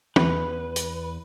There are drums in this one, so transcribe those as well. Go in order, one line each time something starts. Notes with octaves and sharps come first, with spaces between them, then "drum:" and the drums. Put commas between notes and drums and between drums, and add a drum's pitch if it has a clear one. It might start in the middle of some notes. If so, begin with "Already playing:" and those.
E2 B4, drum: tom
drum: hi-hat